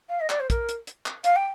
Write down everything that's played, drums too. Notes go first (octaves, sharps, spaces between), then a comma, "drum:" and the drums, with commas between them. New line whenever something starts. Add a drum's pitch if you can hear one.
F5
D#5
D5, drum: clap
C5
A#4, drum: kick, hi-hat
drum: hi-hat
drum: hi-hat
drum: clap
F5, drum: hi-hat
G5